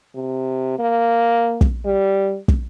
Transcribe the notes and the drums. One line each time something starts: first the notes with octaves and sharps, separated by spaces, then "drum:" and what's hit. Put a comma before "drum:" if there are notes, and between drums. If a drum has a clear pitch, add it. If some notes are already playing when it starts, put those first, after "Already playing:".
C3
A#3
drum: kick
G3
drum: kick